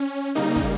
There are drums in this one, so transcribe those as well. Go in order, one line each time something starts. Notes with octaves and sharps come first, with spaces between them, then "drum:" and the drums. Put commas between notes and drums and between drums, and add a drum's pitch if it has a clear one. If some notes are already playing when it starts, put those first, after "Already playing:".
Already playing: C#4
C#3 G3 A#3 D#4, drum: hi-hat
drum: kick, hi-hat